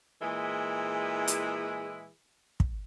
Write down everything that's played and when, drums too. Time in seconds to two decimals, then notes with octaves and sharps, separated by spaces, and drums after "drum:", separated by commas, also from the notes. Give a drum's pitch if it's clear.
0.22 A#2 E3 G#3 E4 G#4
1.28 drum: hi-hat
2.60 drum: kick